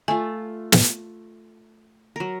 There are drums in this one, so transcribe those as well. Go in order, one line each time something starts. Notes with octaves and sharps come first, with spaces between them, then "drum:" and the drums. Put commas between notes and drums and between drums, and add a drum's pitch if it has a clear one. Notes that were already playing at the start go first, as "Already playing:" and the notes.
A3 F4 G#5
drum: snare
F#3 A#4